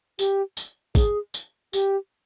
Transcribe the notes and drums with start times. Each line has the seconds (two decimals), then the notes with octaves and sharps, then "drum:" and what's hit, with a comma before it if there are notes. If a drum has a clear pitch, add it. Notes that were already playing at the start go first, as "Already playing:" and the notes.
0.19 G4, drum: tambourine
0.57 drum: tambourine
0.95 G#4, drum: kick, tambourine
1.34 drum: tambourine
1.73 G4, drum: tambourine